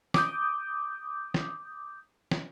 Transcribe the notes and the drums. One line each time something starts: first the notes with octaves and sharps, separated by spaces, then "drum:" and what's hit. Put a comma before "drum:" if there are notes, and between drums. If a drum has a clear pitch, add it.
D6 D#6 G6, drum: snare
drum: snare
drum: snare